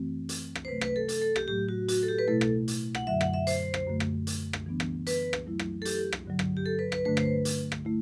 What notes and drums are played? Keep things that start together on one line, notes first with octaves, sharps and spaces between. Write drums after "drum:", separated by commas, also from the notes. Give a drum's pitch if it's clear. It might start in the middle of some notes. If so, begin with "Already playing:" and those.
Already playing: F#2 E3 A3 C4 F#4
drum: hi-hat
drum: rim click
C5
C3 F#3 A3 B4
B4, drum: rim click
A4
A4, drum: hi-hat
A4
G4, drum: rim click
A2 F#3 A3 G4
F#4
F#4, drum: hi-hat
A4
G4
B4
B2 A3 E4 A4
drum: rim click
drum: hi-hat
F#5, drum: rim click
F#2 D3 F#3 E5
F#5, drum: rim click
E5
C5, drum: hi-hat
drum: rim click
F#2 D3 A3
drum: rim click
drum: hi-hat
drum: rim click
E3 G3 B3 D4
drum: rim click
B4, drum: hi-hat
drum: rim click
F#2 F#3 A3 E4
drum: rim click
A4
G4, drum: hi-hat
drum: rim click
G2 D3 F#3
drum: rim click
G4
A4
B4
B4, drum: rim click
G2 D3 A3 D4 B4
C5, drum: rim click
B4
drum: hi-hat
drum: rim click
A3 E4